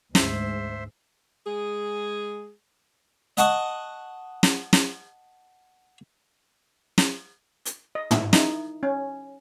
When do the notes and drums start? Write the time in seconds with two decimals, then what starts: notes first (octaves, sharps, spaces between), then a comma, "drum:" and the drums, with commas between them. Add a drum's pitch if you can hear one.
0.15 D2 G#2 G#3 C5 E5, drum: snare
1.46 G#3 G#4
3.37 D#5 F#5 A5 C#6 D#6, drum: hi-hat
4.43 drum: snare
4.73 drum: snare
6.98 drum: snare
7.65 drum: hi-hat
7.95 D#5
8.11 E4, drum: tom
8.33 D#4 E4, drum: snare
8.83 C#4